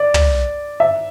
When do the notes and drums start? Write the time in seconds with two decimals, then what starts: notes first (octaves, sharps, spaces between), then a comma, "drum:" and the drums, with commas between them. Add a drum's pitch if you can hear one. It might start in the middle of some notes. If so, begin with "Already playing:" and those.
Already playing: D5
0.14 drum: tom
0.80 E5